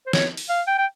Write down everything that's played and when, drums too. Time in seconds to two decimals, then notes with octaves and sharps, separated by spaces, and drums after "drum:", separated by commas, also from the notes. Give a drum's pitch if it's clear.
0.06 C5
0.13 C#5, drum: snare
0.37 drum: open hi-hat
0.49 F5
0.67 G5
0.78 G5